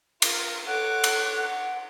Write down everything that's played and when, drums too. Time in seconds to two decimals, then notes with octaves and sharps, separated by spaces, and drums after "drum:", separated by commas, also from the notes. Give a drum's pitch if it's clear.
0.22 F4 A#4, drum: cymbal
0.67 A4 C#5 F#5 D6 F#6
1.04 drum: cymbal
1.37 F#5